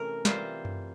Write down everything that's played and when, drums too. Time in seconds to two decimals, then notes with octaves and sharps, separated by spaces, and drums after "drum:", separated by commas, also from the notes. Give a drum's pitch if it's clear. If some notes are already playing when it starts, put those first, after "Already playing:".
Already playing: C3 E3 A3 C#4 A#4
0.25 E3 G3 C4 F4 C5, drum: snare
0.65 drum: tom F#2